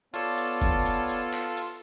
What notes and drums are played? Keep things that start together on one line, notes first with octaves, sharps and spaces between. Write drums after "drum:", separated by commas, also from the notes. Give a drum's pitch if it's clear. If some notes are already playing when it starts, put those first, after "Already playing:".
B3 F4 A4 C#5 D5 A5, drum: hi-hat
drum: hi-hat
drum: kick, hi-hat
drum: hi-hat
drum: hi-hat
drum: clap
drum: hi-hat